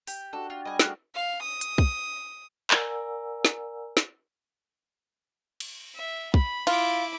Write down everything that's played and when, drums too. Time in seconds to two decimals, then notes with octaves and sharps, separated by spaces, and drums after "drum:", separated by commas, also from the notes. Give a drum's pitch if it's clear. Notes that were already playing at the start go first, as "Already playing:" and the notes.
0.07 G4, drum: open hi-hat
0.33 D4 F#4 G4 A4
0.50 F4
0.65 G3 G#4 D#5 G#5
0.79 G3 A3 F#4 G#4 F6 F#6, drum: snare
1.15 F5
1.43 D#6
1.61 drum: hi-hat
1.78 drum: kick
2.71 A#4 D5 F#5 G#5 A#5 E6, drum: clap
3.45 drum: snare
3.97 drum: snare
5.60 drum: cymbal
5.96 E5
6.34 B5, drum: kick
6.67 E4 F4 D6, drum: cymbal